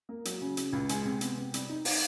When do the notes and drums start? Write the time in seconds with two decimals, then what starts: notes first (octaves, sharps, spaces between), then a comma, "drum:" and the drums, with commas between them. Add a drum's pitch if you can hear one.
0.09 A#3
0.25 F#3, drum: hi-hat
0.41 C#3
0.57 C#3, drum: hi-hat
0.73 C#2
0.89 G#3, drum: hi-hat
1.05 C3
1.21 B3, drum: hi-hat
1.37 C3
1.54 G3, drum: hi-hat
1.69 D#4
1.85 D#4, drum: open hi-hat